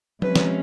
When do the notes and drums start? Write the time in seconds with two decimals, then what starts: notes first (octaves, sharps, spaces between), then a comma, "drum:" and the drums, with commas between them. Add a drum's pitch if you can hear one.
0.22 C3 F3 G#3 C#4 B4, drum: tom
0.36 drum: snare